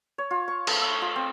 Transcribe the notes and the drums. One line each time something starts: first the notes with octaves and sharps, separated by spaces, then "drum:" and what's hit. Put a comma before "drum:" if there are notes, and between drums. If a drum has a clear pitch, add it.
C#5
F4
C#6
A3, drum: cymbal
E6
F4
C4